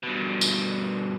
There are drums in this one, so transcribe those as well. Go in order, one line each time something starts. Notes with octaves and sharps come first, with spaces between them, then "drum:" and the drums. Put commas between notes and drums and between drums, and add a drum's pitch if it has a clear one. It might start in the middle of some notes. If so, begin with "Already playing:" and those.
G2 B2
drum: tambourine